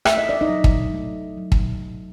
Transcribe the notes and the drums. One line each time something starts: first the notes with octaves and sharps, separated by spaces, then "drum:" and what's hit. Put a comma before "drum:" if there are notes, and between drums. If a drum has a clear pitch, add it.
A3 E5, drum: rim click
D#5
D5
D#4 D#5
F#3
drum: kick
A3
F#3
drum: kick